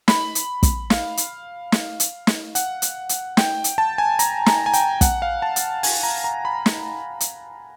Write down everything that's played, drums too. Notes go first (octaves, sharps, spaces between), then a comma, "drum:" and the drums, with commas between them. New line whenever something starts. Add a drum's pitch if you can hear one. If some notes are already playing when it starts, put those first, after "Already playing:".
B5, drum: snare
drum: hi-hat
drum: kick, hi-hat
F5, drum: snare
drum: hi-hat
drum: snare
drum: hi-hat
drum: snare
F#5, drum: hi-hat
drum: hi-hat
drum: hi-hat
G5, drum: snare
drum: hi-hat
A5
G#5
A#5, drum: hi-hat
A#5, drum: snare
G#5
G5, drum: hi-hat
F#5, drum: kick, hi-hat
F5
A5
drum: hi-hat
G#5, drum: open hi-hat
A#5
A#5
B5
drum: snare
drum: hi-hat